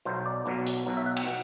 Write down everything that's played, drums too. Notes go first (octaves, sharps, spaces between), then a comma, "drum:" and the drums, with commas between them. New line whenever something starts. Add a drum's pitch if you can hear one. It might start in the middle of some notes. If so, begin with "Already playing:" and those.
B1 B2 F#3 C5
D5
B1 B2 F#3
drum: hi-hat
B1 B2 F#3
E5
F#5
G5, drum: cymbal
B2 F#5